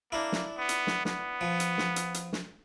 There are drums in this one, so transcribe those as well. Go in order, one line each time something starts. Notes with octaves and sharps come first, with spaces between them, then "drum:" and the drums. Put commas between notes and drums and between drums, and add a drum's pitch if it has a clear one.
A#3 D4 E4
drum: snare
B3
drum: hi-hat
drum: snare
B3, drum: snare
F3
drum: hi-hat
drum: snare
drum: hi-hat
drum: hi-hat
drum: snare